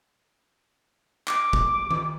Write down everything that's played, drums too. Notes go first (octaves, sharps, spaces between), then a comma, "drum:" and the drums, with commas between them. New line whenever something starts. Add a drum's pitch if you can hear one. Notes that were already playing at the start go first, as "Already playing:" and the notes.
D6, drum: clap
drum: kick
drum: tom D#3